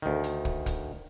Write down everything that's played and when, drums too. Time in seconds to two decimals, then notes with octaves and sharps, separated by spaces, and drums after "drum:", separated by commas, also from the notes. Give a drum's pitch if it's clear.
0.02 D2 D#3
0.24 drum: hi-hat
0.45 drum: kick
0.66 drum: kick, hi-hat